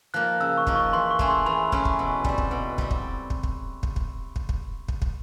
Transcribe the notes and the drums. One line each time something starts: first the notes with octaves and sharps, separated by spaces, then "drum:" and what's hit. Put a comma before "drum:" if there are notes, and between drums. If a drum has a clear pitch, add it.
F3 A#3 D#4 F#6
C#3 E6
C#6
F3 A#3 D#4, drum: kick
C#6
E3 C6
C#6
A3 C#4 E4 G#4, drum: kick
C6
E3 B5
A3 C#4 E4 G#4, drum: kick
drum: kick
B2
G3 C4, drum: kick
drum: kick
B2
G3 C4, drum: kick
drum: kick
drum: kick
drum: kick
drum: kick
drum: kick
drum: kick
drum: kick
drum: kick
drum: kick